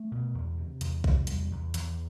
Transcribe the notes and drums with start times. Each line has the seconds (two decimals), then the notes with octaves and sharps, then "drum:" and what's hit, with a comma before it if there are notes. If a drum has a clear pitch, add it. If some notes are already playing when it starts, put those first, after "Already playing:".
Already playing: A3
0.12 B2
0.34 E2
0.58 C3
0.81 E2, drum: hi-hat
1.04 C3, drum: kick
1.27 E2 G3, drum: hi-hat
1.51 E2
1.74 E2, drum: hi-hat